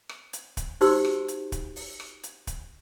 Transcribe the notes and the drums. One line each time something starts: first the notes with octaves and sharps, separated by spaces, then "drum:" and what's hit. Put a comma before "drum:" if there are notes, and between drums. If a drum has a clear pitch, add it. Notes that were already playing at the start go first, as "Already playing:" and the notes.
drum: rim click
drum: hi-hat
drum: kick, hi-hat
D#4 F#4 G4 C5 C6 E6, drum: open hi-hat
drum: rim click
drum: hi-hat
drum: kick, hi-hat
drum: open hi-hat
drum: rim click
drum: hi-hat
drum: kick, hi-hat